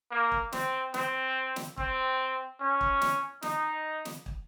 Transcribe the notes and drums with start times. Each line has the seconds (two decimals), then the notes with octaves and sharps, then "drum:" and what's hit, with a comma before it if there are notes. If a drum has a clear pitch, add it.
0.11 A#3
0.32 drum: kick
0.52 C4, drum: snare
0.94 C4, drum: snare
1.56 drum: snare
1.77 C4, drum: kick
2.60 C#4
2.81 drum: kick
3.01 drum: snare
3.42 D#4, drum: snare
4.05 drum: snare
4.26 drum: kick